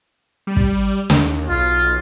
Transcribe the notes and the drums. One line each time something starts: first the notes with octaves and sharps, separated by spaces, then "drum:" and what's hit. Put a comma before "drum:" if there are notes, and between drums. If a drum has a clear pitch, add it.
G3
drum: kick
D#2, drum: snare
B1 F4